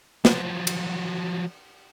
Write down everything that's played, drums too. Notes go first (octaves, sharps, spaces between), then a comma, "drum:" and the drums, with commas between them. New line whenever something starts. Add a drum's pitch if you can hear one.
F3 F#3, drum: snare
drum: cymbal